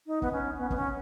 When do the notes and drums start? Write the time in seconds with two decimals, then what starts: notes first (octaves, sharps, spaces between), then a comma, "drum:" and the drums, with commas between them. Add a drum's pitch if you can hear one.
0.07 D#4
0.22 B3, drum: kick
0.32 C#4
0.58 B3
0.70 B3, drum: kick
0.76 C#4